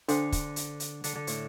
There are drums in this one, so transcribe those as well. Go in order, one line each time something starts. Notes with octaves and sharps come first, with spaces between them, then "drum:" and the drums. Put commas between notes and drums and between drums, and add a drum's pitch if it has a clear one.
D3 D4 A4 C5 F#5 C6, drum: hi-hat
drum: kick, hi-hat
drum: hi-hat
drum: hi-hat
D3, drum: hi-hat
D3
A2, drum: hi-hat